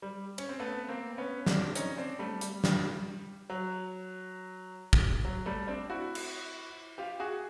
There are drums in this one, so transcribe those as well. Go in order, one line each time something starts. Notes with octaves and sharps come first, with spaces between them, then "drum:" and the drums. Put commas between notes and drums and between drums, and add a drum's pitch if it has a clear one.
G3
C#4, drum: cymbal
C4
A3 B3
A#3 C4
B3 C#4
C4 D4, drum: snare
C#4 D#4, drum: hi-hat
C4 D4
G3 A3
G3, drum: hi-hat
G3, drum: snare
F#3
drum: kick
F#3
G3 A3
C4 D4
E4 F#4
drum: cymbal
F4 G4
F#4 G#4